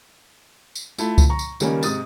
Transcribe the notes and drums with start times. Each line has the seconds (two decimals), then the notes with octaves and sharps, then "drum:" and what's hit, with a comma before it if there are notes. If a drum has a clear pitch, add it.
0.75 drum: tambourine
0.98 A3 E4 F4, drum: tambourine
1.18 drum: kick C#2, tambourine
1.30 A#5 C#6
1.39 drum: tambourine
1.60 C#2 D#3 G3 A#3 C#4, drum: tambourine
1.83 G#2 C3 D#6 A6, drum: tambourine